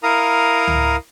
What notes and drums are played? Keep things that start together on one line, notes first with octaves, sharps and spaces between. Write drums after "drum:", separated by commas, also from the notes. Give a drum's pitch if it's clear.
E4 A#4 F5 A#5 D#6
drum: tom C#2